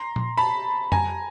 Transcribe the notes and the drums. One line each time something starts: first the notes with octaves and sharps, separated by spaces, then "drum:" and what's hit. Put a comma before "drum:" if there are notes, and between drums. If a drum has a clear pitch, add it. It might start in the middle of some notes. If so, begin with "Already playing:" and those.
Already playing: A#5 C6
drum: tom A#2
A5 B5
G#5 A#5, drum: tom F2